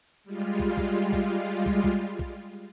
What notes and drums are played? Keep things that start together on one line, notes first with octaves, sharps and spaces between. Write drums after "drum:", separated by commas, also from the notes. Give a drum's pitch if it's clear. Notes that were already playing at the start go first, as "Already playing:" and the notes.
G3 G#3 F4
drum: kick
drum: kick
drum: kick
drum: kick
drum: kick
drum: kick